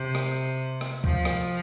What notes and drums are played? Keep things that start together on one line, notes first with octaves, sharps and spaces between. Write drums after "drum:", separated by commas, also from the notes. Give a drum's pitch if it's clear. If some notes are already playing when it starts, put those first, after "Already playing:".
Already playing: C3
drum: rim click
drum: rim click
F3, drum: kick C#2
drum: rim click